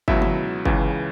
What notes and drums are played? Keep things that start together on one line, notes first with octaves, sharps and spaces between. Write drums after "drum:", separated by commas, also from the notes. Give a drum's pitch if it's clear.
C#2 B2 F#3 E4 E5, drum: kick G1
drum: tom
C#2 C#3 E3, drum: kick G1